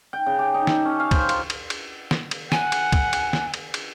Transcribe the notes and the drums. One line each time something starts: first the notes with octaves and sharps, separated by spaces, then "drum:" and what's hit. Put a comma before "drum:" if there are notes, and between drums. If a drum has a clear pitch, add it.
G5
C#3
G4
D#4
A4, drum: snare
C#4
F5
C5, drum: kick C2, cymbal
F4, drum: cymbal
drum: cymbal
drum: cymbal
drum: snare
drum: cymbal
F#5 G#5, drum: snare
drum: cymbal
drum: kick C2, cymbal
drum: cymbal
drum: snare
drum: cymbal
drum: cymbal